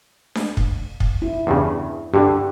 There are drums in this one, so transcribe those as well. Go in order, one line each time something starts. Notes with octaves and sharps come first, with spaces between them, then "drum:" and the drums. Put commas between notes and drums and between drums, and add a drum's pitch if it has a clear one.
drum: snare D4
drum: kick
drum: kick
E4
E2 G2 C#3
G2 D3 G4